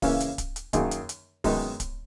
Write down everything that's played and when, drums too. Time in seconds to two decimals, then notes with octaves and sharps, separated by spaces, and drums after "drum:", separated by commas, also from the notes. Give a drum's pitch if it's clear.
0.02 C#3 E3 A#3 C#4 E4, drum: kick D1, open hi-hat
0.20 drum: hi-hat
0.38 drum: kick D1, hi-hat
0.56 drum: hi-hat
0.73 F#2 D#3 A#3 D#4 G#4, drum: kick D1, hi-hat
0.91 drum: hi-hat
1.09 drum: hi-hat
1.44 F#2 D#3 G#3 B3 D#4, drum: kick D1, open hi-hat
1.80 drum: kick D1, hi-hat